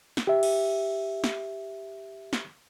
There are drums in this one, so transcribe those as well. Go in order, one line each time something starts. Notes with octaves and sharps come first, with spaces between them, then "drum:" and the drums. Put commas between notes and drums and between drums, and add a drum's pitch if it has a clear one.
drum: snare
G4 E5
drum: cymbal
drum: snare
drum: snare